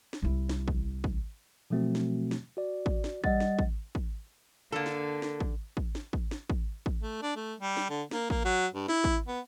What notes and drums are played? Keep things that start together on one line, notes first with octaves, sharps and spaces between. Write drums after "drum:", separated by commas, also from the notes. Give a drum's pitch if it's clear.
drum: snare
C2 E4
drum: snare
drum: kick
drum: kick
B2 F3 F#3 A3 C4 F#4
drum: snare
drum: snare
F#4 D5
drum: kick
drum: snare
G3 D#5 F#5 A6, drum: kick
drum: snare
drum: kick
drum: kick
D3 A#3 A4
drum: snare
drum: snare
drum: kick
drum: kick
drum: snare
drum: kick
drum: snare
drum: kick
drum: kick
A3
D4
A3
G3
drum: snare
D3
A#3, drum: snare
A#3, drum: kick
F#3
G2
E4, drum: snare
drum: kick
B3